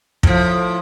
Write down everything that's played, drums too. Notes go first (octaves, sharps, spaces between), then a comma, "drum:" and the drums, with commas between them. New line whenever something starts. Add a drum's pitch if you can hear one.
A2 F3, drum: kick